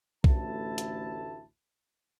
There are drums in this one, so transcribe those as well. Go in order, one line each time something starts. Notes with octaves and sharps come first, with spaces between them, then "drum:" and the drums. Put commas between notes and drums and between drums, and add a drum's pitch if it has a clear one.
A1 D2 E4 A5, drum: kick B1
drum: hi-hat